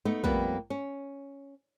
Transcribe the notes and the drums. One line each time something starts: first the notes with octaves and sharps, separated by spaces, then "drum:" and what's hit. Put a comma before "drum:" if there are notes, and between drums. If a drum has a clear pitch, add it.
A3 B3 D#4
F2 G3 A#3 B3 B4, drum: kick
C#4